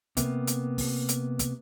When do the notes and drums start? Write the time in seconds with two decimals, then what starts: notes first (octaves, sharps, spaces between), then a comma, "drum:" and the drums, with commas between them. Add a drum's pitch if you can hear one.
0.17 C3 A#3 B3, drum: kick, hi-hat
0.47 drum: hi-hat
0.78 drum: kick, open hi-hat
1.09 drum: hi-hat
1.39 drum: kick, hi-hat